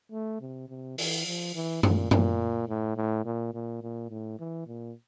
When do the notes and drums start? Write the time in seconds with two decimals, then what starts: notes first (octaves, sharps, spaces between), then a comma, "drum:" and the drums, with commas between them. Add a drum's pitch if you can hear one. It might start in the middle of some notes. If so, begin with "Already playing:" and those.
0.12 A3
0.41 C3
0.69 C3
0.98 E3, drum: open hi-hat
1.27 F3
1.55 E3
1.83 A#2, drum: tom
2.11 A#2, drum: tom
2.69 A2
2.97 A2
3.25 A#2
3.54 A#2
3.82 A#2
4.10 A2
4.39 E3
4.67 A#2